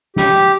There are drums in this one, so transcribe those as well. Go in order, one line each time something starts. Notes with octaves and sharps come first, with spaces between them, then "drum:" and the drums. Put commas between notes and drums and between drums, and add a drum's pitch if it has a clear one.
G4, drum: snare